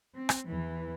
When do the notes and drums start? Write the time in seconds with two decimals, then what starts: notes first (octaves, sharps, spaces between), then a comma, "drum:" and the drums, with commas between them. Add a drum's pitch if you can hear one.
0.15 C4
0.29 drum: rim click
0.48 E2 E3